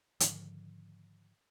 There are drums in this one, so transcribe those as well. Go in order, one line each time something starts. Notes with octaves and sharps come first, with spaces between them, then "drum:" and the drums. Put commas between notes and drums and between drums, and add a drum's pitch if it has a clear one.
G#2 D3 D#3 F3, drum: hi-hat